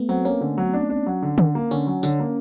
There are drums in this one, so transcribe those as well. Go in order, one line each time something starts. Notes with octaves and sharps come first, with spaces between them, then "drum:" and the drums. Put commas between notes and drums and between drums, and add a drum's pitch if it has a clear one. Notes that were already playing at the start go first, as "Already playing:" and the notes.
Already playing: A3 B3
F#3 C4
A#3 C#4
D3
F#3
D4
D4
F#3
D3
D3, drum: tom D3
A#3
D3 C#4
F#3
D3, drum: tambourine
A#3